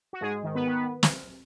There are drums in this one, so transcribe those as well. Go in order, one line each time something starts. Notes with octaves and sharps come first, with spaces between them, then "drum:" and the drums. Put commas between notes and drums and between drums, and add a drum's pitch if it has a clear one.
F#4
G#2 G#3 G#4
D#3
B3 B4
D#3
drum: snare